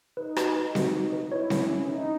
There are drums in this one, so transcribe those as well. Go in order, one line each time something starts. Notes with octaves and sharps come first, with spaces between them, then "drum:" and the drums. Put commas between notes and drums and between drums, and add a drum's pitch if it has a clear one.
D#4 B4
F#4, drum: rim click
B4
F#4, drum: snare C4
F#4
B4
E4 C#5
C#4, drum: snare C4
C#4
C#4 D#4